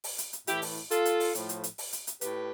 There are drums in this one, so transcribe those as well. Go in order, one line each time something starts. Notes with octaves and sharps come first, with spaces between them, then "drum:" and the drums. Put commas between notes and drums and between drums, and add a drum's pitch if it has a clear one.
drum: open hi-hat
drum: hi-hat
drum: hi-hat
A2 E3 E4 G4, drum: hi-hat
drum: open hi-hat
F4 A4, drum: hi-hat
drum: hi-hat
drum: open hi-hat
A2 F3, drum: hi-hat
drum: hi-hat
drum: hi-hat
drum: open hi-hat
drum: hi-hat
drum: hi-hat
A2 G4 B4, drum: hi-hat